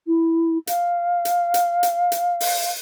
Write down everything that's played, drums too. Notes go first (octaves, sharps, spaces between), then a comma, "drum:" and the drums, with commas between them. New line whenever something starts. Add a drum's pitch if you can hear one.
E4
F5, drum: hi-hat
drum: hi-hat
drum: hi-hat
drum: hi-hat
drum: hi-hat
drum: open hi-hat